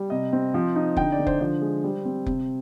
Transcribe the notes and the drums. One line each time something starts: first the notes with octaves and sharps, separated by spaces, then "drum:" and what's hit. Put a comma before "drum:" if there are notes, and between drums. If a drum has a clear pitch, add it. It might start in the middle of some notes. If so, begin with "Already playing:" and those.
Already playing: G3
C3 D#5
C4
F3
D#4
D3 G5, drum: kick F1
D5
D3
C5, drum: kick F1
F3 C5
G#3
G3
C4
C3, drum: kick F1